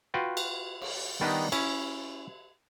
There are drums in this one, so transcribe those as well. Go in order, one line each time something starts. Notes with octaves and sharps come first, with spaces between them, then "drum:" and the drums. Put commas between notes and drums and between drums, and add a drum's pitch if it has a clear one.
F4 F#4 B4 G5
drum: cymbal
drum: cymbal
D#3 G3 B3 D4 D#4
C#4 E4, drum: cymbal